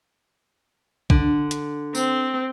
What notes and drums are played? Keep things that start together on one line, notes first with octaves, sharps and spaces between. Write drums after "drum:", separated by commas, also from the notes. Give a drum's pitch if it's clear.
D3, drum: kick A#1
drum: hi-hat
C4, drum: tambourine